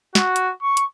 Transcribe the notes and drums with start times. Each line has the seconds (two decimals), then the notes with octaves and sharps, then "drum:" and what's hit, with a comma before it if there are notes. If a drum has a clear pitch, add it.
0.15 F#4, drum: snare
0.36 drum: hi-hat
0.62 C#6
0.77 drum: hi-hat